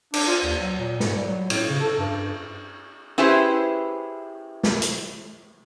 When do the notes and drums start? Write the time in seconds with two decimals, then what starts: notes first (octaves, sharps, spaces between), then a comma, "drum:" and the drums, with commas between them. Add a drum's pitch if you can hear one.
0.14 D4, drum: cymbal
0.27 F4
0.44 D#2
0.59 F#3
0.79 A#2
1.00 G#2, drum: snare
1.16 G3
1.28 F#3
1.50 A2, drum: cymbal
1.69 C#3
1.81 A4
1.99 G2
3.18 C#4 E4 G4 G#4 B4 C5
4.63 drum: snare
4.82 drum: hi-hat